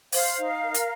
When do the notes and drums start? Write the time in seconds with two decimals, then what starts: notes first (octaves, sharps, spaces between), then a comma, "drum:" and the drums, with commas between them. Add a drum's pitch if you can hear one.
0.12 C5 F5, drum: open hi-hat
0.37 D#4
0.63 A#4
0.74 drum: hi-hat